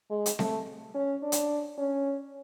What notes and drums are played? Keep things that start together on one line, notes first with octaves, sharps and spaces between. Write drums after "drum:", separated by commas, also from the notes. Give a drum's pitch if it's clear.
G#3
drum: hi-hat
A3, drum: snare C4
C#4
D4
drum: hi-hat
C#4